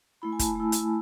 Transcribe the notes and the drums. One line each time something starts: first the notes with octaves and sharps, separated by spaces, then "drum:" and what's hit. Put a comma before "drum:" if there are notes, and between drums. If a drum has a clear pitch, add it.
A3 E4 B5
G#5
A5, drum: kick, hi-hat
A3 E4
drum: hi-hat